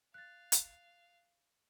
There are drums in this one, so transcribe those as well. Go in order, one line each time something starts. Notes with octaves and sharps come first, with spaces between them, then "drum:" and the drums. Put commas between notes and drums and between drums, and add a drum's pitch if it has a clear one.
F5 F#6 A6
drum: hi-hat